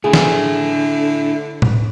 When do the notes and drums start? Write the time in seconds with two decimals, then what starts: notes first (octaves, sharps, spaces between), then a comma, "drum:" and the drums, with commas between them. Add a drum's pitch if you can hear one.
0.04 D3 A3 E4 G#4
0.13 drum: snare
1.62 drum: tom A2